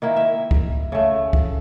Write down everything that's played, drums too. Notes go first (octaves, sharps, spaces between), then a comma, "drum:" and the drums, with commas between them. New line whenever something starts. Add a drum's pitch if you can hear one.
D#3 A#3 E4
E5
drum: kick C#2
C#3 A3
drum: kick C#2